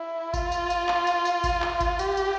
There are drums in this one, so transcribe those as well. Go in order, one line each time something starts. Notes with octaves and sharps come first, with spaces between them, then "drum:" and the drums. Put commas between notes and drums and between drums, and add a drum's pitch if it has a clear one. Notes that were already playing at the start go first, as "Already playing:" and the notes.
Already playing: E4
F4, drum: kick G#1, tambourine
drum: tambourine
drum: tambourine
drum: clap
drum: tambourine
drum: tambourine
drum: kick G#1, tambourine
drum: clap
drum: kick G#1, tambourine
G4, drum: tambourine
drum: tambourine